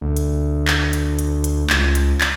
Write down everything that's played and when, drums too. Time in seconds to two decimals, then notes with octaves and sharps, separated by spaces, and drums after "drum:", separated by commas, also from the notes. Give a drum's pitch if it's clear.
0.01 D2
0.16 drum: hi-hat
0.68 drum: clap
0.93 drum: hi-hat
1.19 drum: hi-hat
1.44 drum: hi-hat
1.70 C#2, drum: clap
1.95 drum: hi-hat
2.21 drum: clap